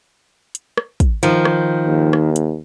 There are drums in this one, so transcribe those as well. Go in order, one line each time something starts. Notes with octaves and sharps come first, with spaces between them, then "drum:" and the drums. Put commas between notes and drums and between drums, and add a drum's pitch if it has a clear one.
drum: hi-hat
drum: rim click
drum: kick, hi-hat
D#3 F3, drum: hi-hat
drum: rim click
D#2
drum: rim click
drum: hi-hat